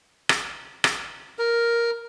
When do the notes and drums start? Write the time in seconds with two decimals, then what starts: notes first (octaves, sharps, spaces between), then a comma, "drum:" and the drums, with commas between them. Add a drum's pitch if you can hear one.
0.29 drum: rim click
0.84 drum: rim click
1.39 A#4